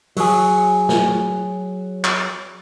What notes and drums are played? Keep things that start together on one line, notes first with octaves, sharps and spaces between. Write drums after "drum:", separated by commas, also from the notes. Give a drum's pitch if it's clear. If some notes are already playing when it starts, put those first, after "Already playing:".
F#3 G#4, drum: open hi-hat
drum: snare
drum: clap